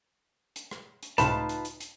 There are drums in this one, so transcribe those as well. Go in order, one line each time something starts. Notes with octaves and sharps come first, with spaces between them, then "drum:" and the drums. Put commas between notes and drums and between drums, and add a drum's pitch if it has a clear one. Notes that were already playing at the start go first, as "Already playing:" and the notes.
drum: hi-hat
drum: rim click
drum: hi-hat
C#2 A2 C3 D#4 F4 B4 A5 B5, drum: hi-hat
drum: hi-hat
drum: hi-hat
drum: hi-hat